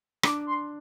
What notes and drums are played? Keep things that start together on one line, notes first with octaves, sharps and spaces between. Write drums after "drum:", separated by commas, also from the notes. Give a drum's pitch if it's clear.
D4 D6, drum: rim click
C6